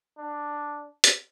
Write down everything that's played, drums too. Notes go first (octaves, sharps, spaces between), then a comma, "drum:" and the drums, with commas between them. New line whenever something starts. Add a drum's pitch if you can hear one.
D4
drum: hi-hat